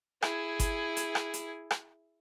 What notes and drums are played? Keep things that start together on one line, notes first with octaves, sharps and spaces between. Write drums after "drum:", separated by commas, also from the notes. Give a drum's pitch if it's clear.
E4 G#4, drum: rim click
drum: kick G1, hi-hat
drum: hi-hat
drum: rim click
drum: hi-hat
drum: rim click